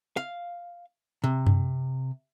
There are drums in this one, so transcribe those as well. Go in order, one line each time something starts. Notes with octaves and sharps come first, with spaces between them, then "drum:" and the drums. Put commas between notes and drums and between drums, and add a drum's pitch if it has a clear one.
F5
C3
drum: tom F#2